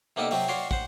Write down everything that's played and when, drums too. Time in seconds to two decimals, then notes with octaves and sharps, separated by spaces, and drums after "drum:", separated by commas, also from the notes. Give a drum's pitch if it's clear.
0.16 C3 A#3 B3 D#4 A4 D5
0.31 C3 F#3 C4, drum: open hi-hat
0.48 F#4 C#5 D5 F5 C6
0.71 C5 F#5, drum: kick